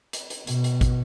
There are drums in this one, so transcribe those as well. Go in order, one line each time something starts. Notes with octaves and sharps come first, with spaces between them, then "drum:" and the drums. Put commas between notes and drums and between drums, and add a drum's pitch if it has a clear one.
drum: hi-hat
drum: hi-hat
B2, drum: hi-hat
drum: hi-hat
drum: kick, hi-hat